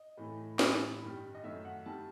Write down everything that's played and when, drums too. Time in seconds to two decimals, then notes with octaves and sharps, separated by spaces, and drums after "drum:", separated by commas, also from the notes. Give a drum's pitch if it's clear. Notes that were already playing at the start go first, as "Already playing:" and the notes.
Already playing: D#5
0.17 A2 E3 A3
0.59 A2 E3 G3, drum: snare
1.02 G2 D#3 G3
1.35 D#5
1.44 F#2 D#3 A3 E5
1.64 F#5
1.86 D#3 G3 A5